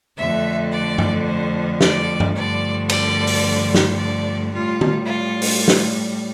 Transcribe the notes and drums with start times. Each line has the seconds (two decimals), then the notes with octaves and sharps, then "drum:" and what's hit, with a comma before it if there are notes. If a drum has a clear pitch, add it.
0.18 F2 D3 A3 E5
0.73 D5
0.98 drum: tom G2
1.26 C5
1.81 D5, drum: snare
2.20 drum: tom G2
2.35 G2 D3 F3 A3 D5
2.89 D5, drum: cymbal
3.27 drum: open hi-hat
3.74 drum: snare
3.97 D5
4.52 A2 G3 F4
4.81 drum: tom
5.06 F4
5.42 drum: open hi-hat
5.68 drum: snare